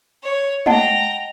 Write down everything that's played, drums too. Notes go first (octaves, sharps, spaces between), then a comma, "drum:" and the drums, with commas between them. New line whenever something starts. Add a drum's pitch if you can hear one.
C#5
D#5 F#5 G5 A5 A#5, drum: tom G#3